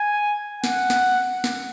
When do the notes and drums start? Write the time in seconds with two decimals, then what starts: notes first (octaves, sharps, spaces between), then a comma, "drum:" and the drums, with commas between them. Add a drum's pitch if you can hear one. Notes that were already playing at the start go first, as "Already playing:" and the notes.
Already playing: G#5
0.64 F#5, drum: snare
0.90 drum: snare
1.44 drum: snare